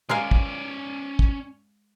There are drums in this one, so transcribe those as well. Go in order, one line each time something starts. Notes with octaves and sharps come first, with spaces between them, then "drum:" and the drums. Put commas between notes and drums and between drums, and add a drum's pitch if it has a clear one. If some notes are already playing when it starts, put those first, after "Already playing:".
G#3 C#4 A#4 D5 F5
drum: kick
drum: kick